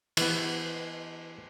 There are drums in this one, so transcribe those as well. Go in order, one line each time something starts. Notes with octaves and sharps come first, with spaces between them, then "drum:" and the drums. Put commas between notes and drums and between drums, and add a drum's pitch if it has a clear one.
E3 B3, drum: cymbal